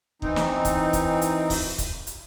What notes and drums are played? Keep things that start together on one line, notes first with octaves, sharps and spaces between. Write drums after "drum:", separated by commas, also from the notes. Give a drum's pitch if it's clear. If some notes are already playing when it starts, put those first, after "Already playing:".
E3 C4 D#4, drum: kick
drum: snare
drum: kick, hi-hat
drum: kick, hi-hat
drum: hi-hat
drum: kick, open hi-hat
drum: kick, hi-hat
drum: hi-hat